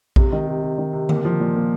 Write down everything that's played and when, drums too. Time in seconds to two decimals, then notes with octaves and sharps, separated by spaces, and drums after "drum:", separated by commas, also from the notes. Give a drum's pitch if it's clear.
0.16 C3, drum: kick A#1
0.32 D#3
0.47 C3
0.63 C3
0.78 D#3
0.93 C3
1.09 A#3, drum: tom D3
1.25 F3
1.40 A#2
1.56 A#3